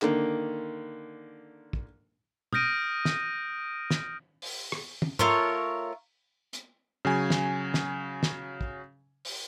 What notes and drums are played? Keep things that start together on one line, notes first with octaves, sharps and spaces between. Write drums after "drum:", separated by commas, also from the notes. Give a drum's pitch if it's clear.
D3 D#3 A#3, drum: clap
drum: kick
D#6 F6 G6 A#6 D7 D#7, drum: tom
drum: snare
drum: snare
drum: open hi-hat
drum: rim click
drum: tom
A3 F4 A#4 C#5, drum: tom
drum: hi-hat
C#3 F#3 G#5
drum: snare
drum: snare
drum: snare
drum: kick
drum: open hi-hat